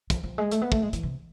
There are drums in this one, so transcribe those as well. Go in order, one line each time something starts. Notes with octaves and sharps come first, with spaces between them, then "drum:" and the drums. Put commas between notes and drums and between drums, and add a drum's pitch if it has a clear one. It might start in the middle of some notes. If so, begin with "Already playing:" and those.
F3, drum: kick, hi-hat
F3
G#3
A3, drum: hi-hat
B3
A3, drum: kick
G#3
E3, drum: hi-hat
C3